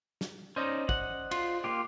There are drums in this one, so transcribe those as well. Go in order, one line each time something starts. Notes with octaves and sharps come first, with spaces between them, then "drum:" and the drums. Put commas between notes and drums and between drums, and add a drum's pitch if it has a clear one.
drum: snare
C#4 D#4 C5 D5 D#5
F#5, drum: kick
F4, drum: cymbal
A#3 F4 G4